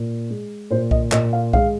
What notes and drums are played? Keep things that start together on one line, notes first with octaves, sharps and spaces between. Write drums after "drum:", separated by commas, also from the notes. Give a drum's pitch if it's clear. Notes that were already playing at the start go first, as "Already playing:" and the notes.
Already playing: A#2
G#3
A#2 C5
D#5, drum: kick B1
A#2 D#5, drum: clap
F5
G#3 F5, drum: kick B1